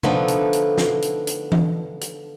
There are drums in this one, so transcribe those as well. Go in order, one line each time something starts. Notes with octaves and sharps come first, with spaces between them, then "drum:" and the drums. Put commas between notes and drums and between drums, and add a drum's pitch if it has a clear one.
D3 F3 A3 B3 D#4 A4, drum: tom C3
drum: hi-hat
drum: hi-hat
drum: snare
drum: hi-hat
drum: hi-hat
drum: tom E3
drum: hi-hat